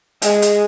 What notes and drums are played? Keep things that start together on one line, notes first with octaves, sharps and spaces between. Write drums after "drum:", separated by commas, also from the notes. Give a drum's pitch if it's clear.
G#3, drum: hi-hat
drum: hi-hat